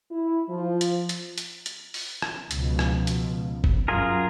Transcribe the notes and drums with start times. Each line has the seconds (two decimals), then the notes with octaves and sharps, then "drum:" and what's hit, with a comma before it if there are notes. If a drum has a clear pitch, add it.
0.12 E4
0.50 F3
0.81 drum: hi-hat
1.09 drum: hi-hat
1.38 drum: hi-hat
1.66 drum: hi-hat
1.94 drum: open hi-hat
2.22 drum: rim click
2.51 C#2 B2 F3, drum: hi-hat
2.79 drum: rim click
3.07 drum: hi-hat
3.64 drum: kick F#1
3.88 F#2 F4 G#4 A#4